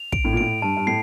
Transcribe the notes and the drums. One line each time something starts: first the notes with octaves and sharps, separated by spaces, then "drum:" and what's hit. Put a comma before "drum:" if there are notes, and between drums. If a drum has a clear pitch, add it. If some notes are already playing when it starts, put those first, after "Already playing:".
Already playing: F7
D7, drum: kick
A2
A#2
A2 D7
G2 A5
G2
A2 C7